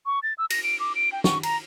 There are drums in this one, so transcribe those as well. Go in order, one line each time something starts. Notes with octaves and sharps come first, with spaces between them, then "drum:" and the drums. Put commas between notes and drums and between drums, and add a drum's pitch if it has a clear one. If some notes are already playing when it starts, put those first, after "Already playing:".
C#6
A6
E6
A#6, drum: cymbal
D7
D6
D7
G5
C#6, drum: snare
A#5, drum: cymbal